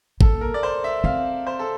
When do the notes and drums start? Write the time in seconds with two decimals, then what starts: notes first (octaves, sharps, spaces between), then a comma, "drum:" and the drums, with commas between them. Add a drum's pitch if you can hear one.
0.21 A#3 A4, drum: kick
0.41 A#4
0.54 D5
0.63 C5
0.84 E5
1.04 C4 F5
1.47 C5
1.59 A4